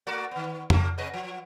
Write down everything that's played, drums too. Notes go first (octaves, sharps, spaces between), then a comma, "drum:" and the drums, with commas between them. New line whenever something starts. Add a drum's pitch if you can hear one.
A3 F#4 D5
D#3 B3
F3 A3 A#3, drum: tom F2
C3 B4 D#5
F3